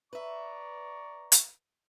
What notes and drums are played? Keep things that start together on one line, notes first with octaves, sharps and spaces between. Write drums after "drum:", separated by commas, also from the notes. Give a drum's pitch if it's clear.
B4 D5 E5 A#5 C#6
drum: hi-hat